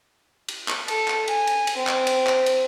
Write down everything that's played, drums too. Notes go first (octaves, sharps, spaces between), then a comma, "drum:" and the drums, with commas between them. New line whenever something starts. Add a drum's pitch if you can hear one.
drum: cymbal
drum: clap
A4, drum: cymbal
drum: clap
G#5, drum: cymbal
drum: cymbal
drum: cymbal
C4
drum: clap
drum: cymbal
drum: clap
drum: cymbal